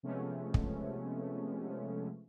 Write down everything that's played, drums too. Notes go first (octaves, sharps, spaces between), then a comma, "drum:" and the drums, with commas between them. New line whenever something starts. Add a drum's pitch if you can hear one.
C3 F3 G#3 A3 B3 C#4
drum: kick